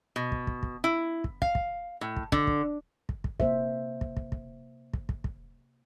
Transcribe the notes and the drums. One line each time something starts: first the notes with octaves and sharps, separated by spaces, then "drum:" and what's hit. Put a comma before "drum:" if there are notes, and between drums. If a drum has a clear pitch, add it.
B2
drum: kick
drum: kick
drum: kick
E4
drum: kick
F5, drum: kick
drum: kick
A2
drum: kick
D3, drum: kick
drum: kick
drum: kick
drum: kick
C3 A#3 C5 E5, drum: kick
drum: kick
drum: kick
drum: kick
drum: kick
drum: kick
drum: kick